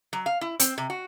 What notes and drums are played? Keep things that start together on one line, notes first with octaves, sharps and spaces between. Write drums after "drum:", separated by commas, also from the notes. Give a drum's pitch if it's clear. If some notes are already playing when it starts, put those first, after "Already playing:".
F#3
F5
E4
C4, drum: hi-hat
C3
F#4